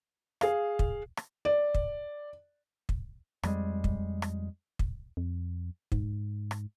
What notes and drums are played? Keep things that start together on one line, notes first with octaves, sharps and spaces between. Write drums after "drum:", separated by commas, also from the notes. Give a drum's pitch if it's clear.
G#4 F5, drum: rim click
drum: kick
drum: rim click
D5
drum: kick
drum: kick
F2 G3 G#3, drum: rim click
drum: kick
drum: rim click
drum: kick
F2
G#2, drum: kick
drum: rim click